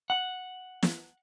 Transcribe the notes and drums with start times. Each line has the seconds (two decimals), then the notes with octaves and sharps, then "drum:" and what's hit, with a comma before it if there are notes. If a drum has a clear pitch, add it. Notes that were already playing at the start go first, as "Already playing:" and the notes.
0.10 F#5
0.83 drum: snare